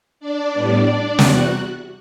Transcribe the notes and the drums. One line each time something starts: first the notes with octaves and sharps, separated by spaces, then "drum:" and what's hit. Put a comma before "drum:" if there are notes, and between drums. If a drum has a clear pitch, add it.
D4 D5
A2 G3 B3
E2 C3 G3 B3 F#4 F#5, drum: snare